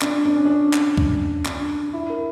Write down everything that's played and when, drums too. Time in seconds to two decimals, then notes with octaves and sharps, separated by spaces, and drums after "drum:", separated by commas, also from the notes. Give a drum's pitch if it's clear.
0.02 D4, drum: clap
0.25 D4
0.36 C#4
0.45 D4
0.74 drum: clap
0.97 drum: kick C#2
1.46 D4, drum: clap
1.93 E4
2.10 A#4